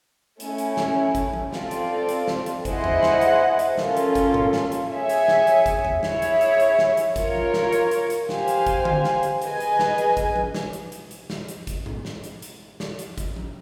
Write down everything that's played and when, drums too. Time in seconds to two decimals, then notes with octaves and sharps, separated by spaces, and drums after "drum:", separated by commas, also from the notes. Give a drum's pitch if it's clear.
0.40 A3 C#4 E4, drum: hi-hat
0.58 drum: hi-hat
0.77 drum: snare
1.15 drum: kick, hi-hat
1.34 drum: tom F3
1.53 C4 F4 A4 D5, drum: snare
1.71 drum: hi-hat
2.09 drum: hi-hat
2.27 drum: snare
2.46 drum: hi-hat
2.65 E4 G#4 C5 D#5 F#5, drum: kick, hi-hat
2.84 drum: tom E2
3.03 drum: snare
3.21 drum: hi-hat
3.59 drum: hi-hat
3.78 A#3 C#4 F4 A4, drum: snare
3.97 drum: hi-hat
4.15 drum: kick, hi-hat
4.34 drum: tom G#2
4.53 drum: snare
4.72 drum: hi-hat
4.91 G#4 C#5 E5 G#5
5.09 drum: hi-hat
5.28 drum: snare
5.47 drum: hi-hat
5.66 drum: kick, hi-hat
5.85 drum: tom E2
6.03 E4 G#4 C#5 E5, drum: snare
6.22 drum: hi-hat
6.41 drum: hi-hat
6.60 drum: hi-hat
6.79 drum: snare
6.97 drum: hi-hat
7.16 F4 A#4 C#5, drum: kick, hi-hat
7.35 drum: tom F3
7.54 drum: snare
7.73 drum: hi-hat
7.91 drum: hi-hat
8.10 drum: hi-hat
8.29 G4 C5 F5 G#5, drum: snare
8.48 drum: hi-hat
8.67 drum: kick, hi-hat
8.85 drum: tom D3
9.04 drum: snare
9.23 drum: hi-hat
9.42 G#4 B4 D#5 G#5, drum: hi-hat
9.60 drum: hi-hat
9.79 drum: snare
9.98 drum: hi-hat
10.17 drum: kick, hi-hat
10.36 drum: tom F3
10.54 drum: snare
10.73 drum: hi-hat
10.92 drum: hi-hat
11.11 drum: hi-hat
11.30 drum: snare
11.48 drum: hi-hat
11.67 drum: kick, hi-hat
11.86 drum: tom G#2
12.05 drum: snare
12.24 drum: hi-hat
12.42 drum: hi-hat
12.80 drum: snare
12.99 drum: hi-hat
13.18 drum: kick, hi-hat
13.36 drum: tom F3